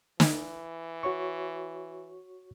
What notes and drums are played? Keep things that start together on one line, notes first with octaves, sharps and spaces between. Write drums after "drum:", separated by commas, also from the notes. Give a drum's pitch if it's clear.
E3, drum: snare
F#4 C#5 C#6